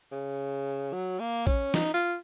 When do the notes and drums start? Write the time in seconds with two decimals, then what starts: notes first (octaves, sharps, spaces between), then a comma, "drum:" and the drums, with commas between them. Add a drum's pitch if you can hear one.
0.12 C#3
0.93 F#3
1.19 A#3
1.47 C#4, drum: kick
1.74 D#4, drum: snare
1.94 F4